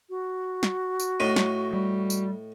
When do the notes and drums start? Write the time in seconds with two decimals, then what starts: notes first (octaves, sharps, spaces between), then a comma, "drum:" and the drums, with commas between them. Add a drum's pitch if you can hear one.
0.10 F#4
0.63 drum: snare
1.00 drum: tambourine
1.20 A2 D#4
1.36 drum: snare
1.73 G3
2.10 drum: tambourine